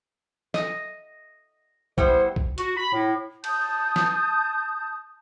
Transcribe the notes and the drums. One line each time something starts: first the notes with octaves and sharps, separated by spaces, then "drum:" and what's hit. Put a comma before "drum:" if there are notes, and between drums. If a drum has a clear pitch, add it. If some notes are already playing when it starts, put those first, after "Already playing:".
D#5, drum: snare
G3 B3 E4 C5, drum: kick
drum: kick
F#4, drum: hi-hat
B5
A2
A5 D#6 G6, drum: cymbal
drum: snare